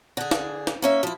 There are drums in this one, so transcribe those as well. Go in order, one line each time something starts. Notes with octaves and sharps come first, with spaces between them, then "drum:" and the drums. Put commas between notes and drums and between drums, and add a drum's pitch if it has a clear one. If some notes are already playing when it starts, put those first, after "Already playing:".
D3 G#4
drum: snare
drum: snare
A#3 C#4 E5
F3 E4